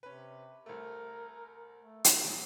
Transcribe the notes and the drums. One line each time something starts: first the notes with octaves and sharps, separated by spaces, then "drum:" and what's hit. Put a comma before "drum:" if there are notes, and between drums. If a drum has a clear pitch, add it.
C3 C#4 B4
C2 A3 A#4
A3
C#3 F#3 A#4, drum: hi-hat
A1 A#2 D#3 G3